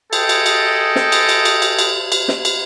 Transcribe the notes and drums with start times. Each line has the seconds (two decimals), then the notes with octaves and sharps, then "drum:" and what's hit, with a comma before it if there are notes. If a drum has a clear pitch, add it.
0.13 G#4 A4 D#5 G5, drum: cymbal
0.29 drum: cymbal
0.46 drum: cymbal
0.96 drum: snare
1.12 drum: cymbal
1.29 drum: cymbal
1.45 drum: cymbal
1.62 drum: cymbal
1.79 drum: cymbal
2.12 drum: cymbal
2.28 drum: snare
2.45 drum: cymbal